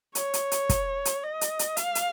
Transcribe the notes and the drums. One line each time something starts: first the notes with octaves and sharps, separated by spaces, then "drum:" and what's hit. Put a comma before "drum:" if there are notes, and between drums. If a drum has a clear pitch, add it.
C#5, drum: hi-hat
drum: hi-hat
drum: hi-hat
drum: kick, hi-hat
drum: hi-hat
D#5
drum: hi-hat
drum: hi-hat
F5, drum: hi-hat
drum: hi-hat